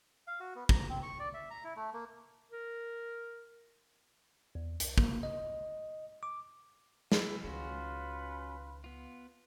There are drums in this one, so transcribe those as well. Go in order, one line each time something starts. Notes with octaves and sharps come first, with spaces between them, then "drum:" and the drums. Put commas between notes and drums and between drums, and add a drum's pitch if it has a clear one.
F5
F#4
B3
A#5, drum: kick
C4
C#6
D5
E5
A#5
E4
A3
A#3
A#4
E2
C2, drum: hi-hat
A#3, drum: kick
D#5
D6
E3 E4, drum: snare
C#2 D#3 C#4 F4 F#4 B4
B3 F4